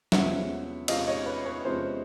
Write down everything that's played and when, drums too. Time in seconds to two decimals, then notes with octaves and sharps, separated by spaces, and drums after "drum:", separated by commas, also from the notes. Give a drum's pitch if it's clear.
0.12 E2 C3 F3 G#3 C#4 E5 F#5, drum: snare
0.88 E2 C3 F3 G#3 C#4 D#5 F5, drum: cymbal
1.08 C#5 D#5
1.26 B4 C#5
1.46 B4 C#5
1.65 E2 C3 F3 G#3 C#4 C5